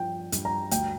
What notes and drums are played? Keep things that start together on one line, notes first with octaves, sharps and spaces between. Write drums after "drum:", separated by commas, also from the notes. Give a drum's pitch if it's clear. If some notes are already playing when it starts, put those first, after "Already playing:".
Already playing: G2 F3 G5
G2, drum: hi-hat
A#5
D2 G5, drum: hi-hat